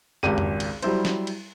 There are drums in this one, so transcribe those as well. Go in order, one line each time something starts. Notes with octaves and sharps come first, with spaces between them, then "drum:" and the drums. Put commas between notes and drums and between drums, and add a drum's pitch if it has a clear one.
G#1 C#2 G4 D#7
drum: tom F2
drum: cymbal
F#3 G3 E4 C5, drum: cymbal
drum: snare
drum: cymbal